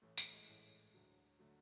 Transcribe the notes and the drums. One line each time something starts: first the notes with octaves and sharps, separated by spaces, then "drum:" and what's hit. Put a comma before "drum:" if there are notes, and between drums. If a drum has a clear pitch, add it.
A1 A2 E3 A3
A3, drum: tambourine
G#3
A1 A2 E3
D2 D3 F#3
D3 F#3 A3